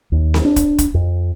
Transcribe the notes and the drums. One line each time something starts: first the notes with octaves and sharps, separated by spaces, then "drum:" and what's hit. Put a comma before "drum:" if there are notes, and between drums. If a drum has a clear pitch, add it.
D#2
drum: snare C4
D4
drum: kick, hi-hat
drum: kick, hi-hat
F2